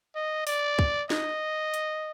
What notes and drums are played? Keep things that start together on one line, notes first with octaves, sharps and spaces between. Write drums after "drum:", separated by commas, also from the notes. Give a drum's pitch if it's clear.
D#5
D5, drum: open hi-hat
drum: kick
D#5, drum: snare
drum: hi-hat